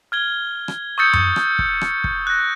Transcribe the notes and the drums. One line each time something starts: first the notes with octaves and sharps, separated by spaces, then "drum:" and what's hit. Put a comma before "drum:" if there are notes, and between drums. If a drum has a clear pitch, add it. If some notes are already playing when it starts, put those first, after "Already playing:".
F6 G#6 G7
drum: rim click
C#6 D#6 E6 G6 A6 C#7
drum: tom F#2
drum: rim click
drum: kick
drum: rim click
drum: kick
F#6 A#6